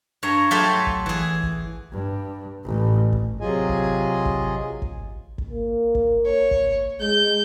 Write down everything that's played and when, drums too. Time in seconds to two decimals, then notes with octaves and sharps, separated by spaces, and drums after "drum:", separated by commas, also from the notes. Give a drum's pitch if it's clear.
0.23 G2 C#5 A#5
0.51 F#3 A3 F4 G4 A4 E5
0.87 drum: kick
1.06 E3 G#4
1.43 drum: kick
1.92 G2
2.65 A1
3.12 drum: kick
3.41 C3 F#3 F4 G#4 D#5 G#5
3.69 drum: kick
4.25 drum: kick
4.82 drum: kick
5.38 drum: kick
5.50 A#3
5.95 drum: kick
6.26 C#5
6.51 drum: kick
7.01 G#3 G6